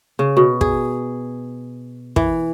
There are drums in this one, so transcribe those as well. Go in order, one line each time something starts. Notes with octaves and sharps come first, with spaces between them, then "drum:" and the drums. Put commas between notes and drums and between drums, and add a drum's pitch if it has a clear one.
C#3
B2
G#4, drum: kick
E3, drum: kick